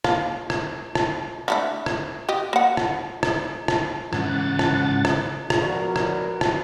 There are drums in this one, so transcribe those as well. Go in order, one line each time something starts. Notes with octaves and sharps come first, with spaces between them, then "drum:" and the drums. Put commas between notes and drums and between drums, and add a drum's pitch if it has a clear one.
A#3, drum: rim click
drum: rim click
drum: rim click
D3 A3 E4
drum: rim click
G4 D#5
A#3 F#5
drum: rim click
drum: rim click
drum: rim click
G#2 C#3 E3 F#5 A6, drum: rim click
drum: rim click
drum: rim click
drum: rim click
F3 B3 F#4 A#4 C#5 D5
drum: rim click
drum: rim click